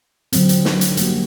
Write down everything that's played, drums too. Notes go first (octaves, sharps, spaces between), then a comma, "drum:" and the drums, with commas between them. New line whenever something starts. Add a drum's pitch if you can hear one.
D3 F#3 C4, drum: hi-hat
drum: hi-hat
drum: snare
drum: hi-hat
G3 A#3 F#4, drum: hi-hat